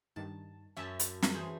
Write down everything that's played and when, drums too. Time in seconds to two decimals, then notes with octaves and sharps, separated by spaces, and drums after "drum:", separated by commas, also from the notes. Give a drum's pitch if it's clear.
0.16 G2 D#3 A5
0.77 F#2 C#4 E5 A5
0.99 drum: hi-hat
1.22 drum: snare
1.34 E3 A3 G#4 C5